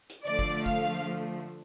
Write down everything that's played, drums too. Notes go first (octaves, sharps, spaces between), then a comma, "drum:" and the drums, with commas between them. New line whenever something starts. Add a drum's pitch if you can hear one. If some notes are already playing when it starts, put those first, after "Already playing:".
drum: hi-hat
D3 F3 A3 D5
drum: kick
F5, drum: kick